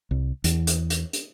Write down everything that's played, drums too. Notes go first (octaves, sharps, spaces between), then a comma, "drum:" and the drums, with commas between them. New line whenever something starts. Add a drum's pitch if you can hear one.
C2
E2, drum: hi-hat
drum: hi-hat
drum: hi-hat
drum: hi-hat